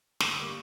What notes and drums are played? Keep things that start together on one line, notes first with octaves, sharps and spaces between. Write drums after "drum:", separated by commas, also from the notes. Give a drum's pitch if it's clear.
D3 G6, drum: snare
D#6
G3 A#3 D6
C#6